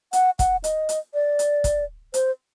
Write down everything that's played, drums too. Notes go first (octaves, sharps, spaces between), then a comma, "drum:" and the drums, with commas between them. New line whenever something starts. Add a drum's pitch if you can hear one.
F#5, drum: hi-hat
F#5, drum: kick, hi-hat
D#5, drum: hi-hat
drum: hi-hat
D5
drum: hi-hat
drum: kick, hi-hat
C5, drum: hi-hat